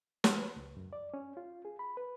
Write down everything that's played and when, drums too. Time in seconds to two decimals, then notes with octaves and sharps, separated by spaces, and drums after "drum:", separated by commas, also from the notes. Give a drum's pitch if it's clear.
0.24 C#5, drum: snare
0.38 B4
0.56 C#2
0.77 F#2
0.93 D5
1.14 C#4
1.37 F4
1.65 G#4
1.79 B5
1.97 B4